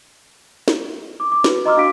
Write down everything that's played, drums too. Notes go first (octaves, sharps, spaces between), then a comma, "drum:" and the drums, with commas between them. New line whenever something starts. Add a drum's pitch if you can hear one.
drum: snare
D6
D6
F#4 B4, drum: snare
D#5 A#5 C6 D6 E6 F6
D4 F#4 F5 D6 B6 D7